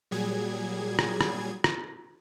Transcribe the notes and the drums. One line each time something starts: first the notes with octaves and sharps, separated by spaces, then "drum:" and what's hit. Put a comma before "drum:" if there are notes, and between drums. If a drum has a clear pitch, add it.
A#2 F#3 G3 G#4 G#6
drum: rim click
drum: rim click
drum: rim click